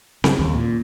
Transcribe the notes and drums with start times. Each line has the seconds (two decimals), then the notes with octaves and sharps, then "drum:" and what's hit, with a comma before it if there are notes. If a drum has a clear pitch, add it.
0.24 C#3, drum: snare C4
0.39 D#2
0.54 A#2